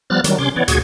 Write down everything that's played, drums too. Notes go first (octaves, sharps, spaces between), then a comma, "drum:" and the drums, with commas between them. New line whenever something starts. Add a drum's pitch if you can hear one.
F3 G3 B3 F6 F#6 A6
D#3 F#3 G3, drum: hi-hat
C3 C#4 C6 D6
E3 B3 C#5 D5
D2 A#2 F#4 G#4 G#6, drum: hi-hat